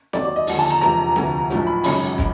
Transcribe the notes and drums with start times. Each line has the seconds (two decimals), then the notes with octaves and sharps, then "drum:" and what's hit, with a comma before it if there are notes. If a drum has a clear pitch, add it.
0.13 D#2 D#3 F#3 D5, drum: snare
0.25 D5
0.36 D#5
0.47 D#2 D3 F3, drum: open hi-hat
0.59 A5
0.70 A#5
0.81 E1 E2 C3 F3 A#5, drum: hi-hat
1.16 D2 C3 F3, drum: snare
1.50 B1 A2 F3, drum: hi-hat
1.67 B5
1.84 G#1 F#2 C#3 B5, drum: open hi-hat
2.18 drum: kick, hi-hat